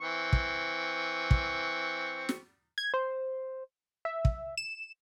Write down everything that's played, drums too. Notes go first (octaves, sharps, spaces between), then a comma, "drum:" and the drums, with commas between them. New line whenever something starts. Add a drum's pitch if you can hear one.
E3 C4 C#6
drum: kick
drum: kick
drum: snare
G#6
C5
E5
drum: kick
E7